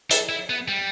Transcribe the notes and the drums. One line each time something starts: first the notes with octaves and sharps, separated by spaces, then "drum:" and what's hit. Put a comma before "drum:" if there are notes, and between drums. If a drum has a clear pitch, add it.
A4, drum: hi-hat
E4
B3
G3